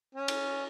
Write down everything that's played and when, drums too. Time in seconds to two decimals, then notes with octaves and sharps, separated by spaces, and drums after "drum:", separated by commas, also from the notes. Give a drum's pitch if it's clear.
0.15 C#4
0.28 drum: cymbal